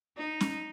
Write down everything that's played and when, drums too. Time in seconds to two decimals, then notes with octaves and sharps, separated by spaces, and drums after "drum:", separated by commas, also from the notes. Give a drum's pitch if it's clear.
0.17 D#4
0.41 drum: snare C#4